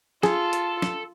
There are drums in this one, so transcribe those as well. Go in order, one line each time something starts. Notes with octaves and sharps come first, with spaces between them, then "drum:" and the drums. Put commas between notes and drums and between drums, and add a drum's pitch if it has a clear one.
F4 G#4 A4, drum: snare
drum: hi-hat
drum: snare